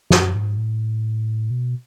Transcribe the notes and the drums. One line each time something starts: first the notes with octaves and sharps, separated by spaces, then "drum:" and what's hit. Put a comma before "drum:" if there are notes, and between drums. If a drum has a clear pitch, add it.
F#2, drum: snare
G#2
A2
B2